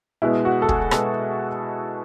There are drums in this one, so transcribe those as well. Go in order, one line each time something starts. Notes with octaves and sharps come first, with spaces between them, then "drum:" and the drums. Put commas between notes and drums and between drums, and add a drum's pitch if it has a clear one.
B2 G#3 B3 E4
F#4
A4
G#4, drum: kick
B2 G#3 B3 A4, drum: rim click